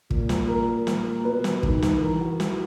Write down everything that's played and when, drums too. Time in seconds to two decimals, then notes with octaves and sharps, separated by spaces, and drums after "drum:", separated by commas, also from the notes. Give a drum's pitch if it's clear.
0.11 A#2, drum: kick
0.29 drum: snare
0.48 A#4
0.87 A#2, drum: snare
1.25 B2 B4
1.44 drum: snare
1.63 D#3, drum: kick
1.82 drum: snare
2.01 E3 A#4
2.21 F#4
2.40 E4, drum: snare